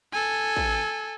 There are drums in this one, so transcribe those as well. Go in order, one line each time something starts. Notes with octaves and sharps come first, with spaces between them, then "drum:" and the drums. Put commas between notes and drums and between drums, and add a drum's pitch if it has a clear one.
A4 G#5
drum: kick